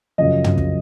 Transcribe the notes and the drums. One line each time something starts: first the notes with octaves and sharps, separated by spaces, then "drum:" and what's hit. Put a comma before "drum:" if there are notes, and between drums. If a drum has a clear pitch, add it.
F#2 C#3 F3 D#5
drum: tom
drum: kick